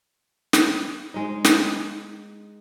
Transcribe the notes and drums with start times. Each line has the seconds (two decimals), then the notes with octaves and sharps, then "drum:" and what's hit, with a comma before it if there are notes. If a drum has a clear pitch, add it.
0.53 drum: snare
1.14 G#3 D#4
1.44 drum: snare